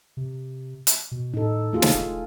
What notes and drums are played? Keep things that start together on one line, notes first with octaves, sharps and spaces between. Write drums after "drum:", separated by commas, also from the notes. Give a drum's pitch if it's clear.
C3
drum: hi-hat
B2
A2 D#4 A4
A3 F4 G#4
drum: snare
E1